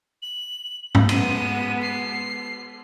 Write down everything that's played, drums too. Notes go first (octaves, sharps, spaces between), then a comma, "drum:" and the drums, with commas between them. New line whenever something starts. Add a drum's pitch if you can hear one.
F#7
drum: tom G#2
G#3 B3 D#7, drum: cymbal
C7